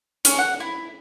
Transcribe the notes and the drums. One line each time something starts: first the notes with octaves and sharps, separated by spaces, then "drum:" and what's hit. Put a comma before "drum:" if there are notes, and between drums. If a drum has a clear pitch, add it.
C#4, drum: hi-hat
F#5
E4